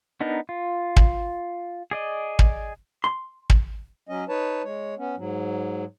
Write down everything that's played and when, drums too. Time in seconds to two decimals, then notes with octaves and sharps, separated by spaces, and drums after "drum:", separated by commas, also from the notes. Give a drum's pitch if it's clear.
0.21 B3 D4 D#4 A#4
0.49 F4
0.97 drum: kick
1.91 G#4 D5 D#5
2.39 drum: kick
3.04 C6
3.50 drum: kick
4.09 F#3 C#4 D#5
4.29 D#4 B4 C#5 A5
4.63 G#3 C#5
4.98 B3 C#4
5.17 G#2 F#3